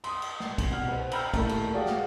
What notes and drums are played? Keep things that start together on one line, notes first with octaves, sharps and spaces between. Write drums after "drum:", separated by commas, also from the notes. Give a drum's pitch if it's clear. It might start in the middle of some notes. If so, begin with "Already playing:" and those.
C6 D#6, drum: cymbal
drum: cymbal
drum: snare
drum: kick, cymbal
C2 B2 F#5 F6
B4 C5
G5 A#5 B5 E6 F6 G6, drum: cymbal
D#1 A3 E4 A4 A#4 B5, drum: kick, cymbal
drum: cymbal
F#4 G#4 D5 F5 G5
drum: snare